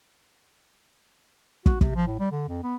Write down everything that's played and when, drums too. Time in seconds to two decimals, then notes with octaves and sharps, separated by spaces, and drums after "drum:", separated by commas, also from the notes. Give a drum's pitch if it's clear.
1.66 F#4, drum: kick
1.81 C3, drum: kick
1.95 F3
2.07 A2
2.19 G3
2.31 D3
2.48 F2
2.63 B3